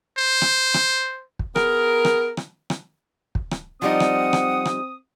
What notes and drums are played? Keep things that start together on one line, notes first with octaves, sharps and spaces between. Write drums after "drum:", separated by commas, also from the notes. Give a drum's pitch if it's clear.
C5
drum: rim click
drum: rim click
drum: kick
B3 G#4 A#4, drum: rim click
drum: rim click
drum: rim click
drum: rim click
drum: kick
drum: rim click
F3 G3 C4 D#4 F#5 D#6
drum: rim click
drum: rim click
drum: rim click